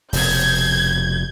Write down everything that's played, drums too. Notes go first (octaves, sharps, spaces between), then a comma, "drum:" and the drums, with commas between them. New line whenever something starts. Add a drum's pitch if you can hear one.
F1 B2 G6 G#6, drum: open hi-hat